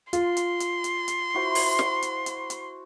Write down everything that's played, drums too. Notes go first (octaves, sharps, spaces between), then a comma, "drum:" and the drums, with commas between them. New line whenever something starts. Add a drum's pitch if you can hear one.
F4 C6, drum: hi-hat
drum: hi-hat
drum: hi-hat
drum: hi-hat
drum: hi-hat
E4 F#4 C5
drum: open hi-hat
drum: snare
drum: hi-hat
drum: hi-hat
drum: hi-hat